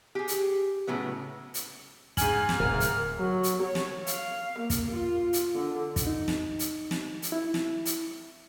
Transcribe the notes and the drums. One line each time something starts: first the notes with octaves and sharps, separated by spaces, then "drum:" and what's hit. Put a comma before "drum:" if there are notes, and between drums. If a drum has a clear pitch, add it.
G4 G#4
drum: hi-hat
A2 C#3 F#3 B3
drum: hi-hat
G#2 G#5 F6 F#7, drum: kick, hi-hat
drum: snare
D1 C3 A#4
drum: hi-hat
F#3
drum: hi-hat
C#5
drum: snare
F5, drum: hi-hat
A#3
drum: kick, hi-hat
F4
drum: hi-hat
D3
drum: kick, hi-hat
D#4
drum: snare
drum: hi-hat
drum: snare
drum: hi-hat
E4
drum: snare
drum: hi-hat